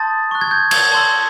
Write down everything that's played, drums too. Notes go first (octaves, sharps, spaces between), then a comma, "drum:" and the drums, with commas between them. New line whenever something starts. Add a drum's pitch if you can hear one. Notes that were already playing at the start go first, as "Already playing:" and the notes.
Already playing: A5 C6 D#6 G6 A6
C#6 F#6
G#6
G6
G#6, drum: cymbal
A5 C6 E6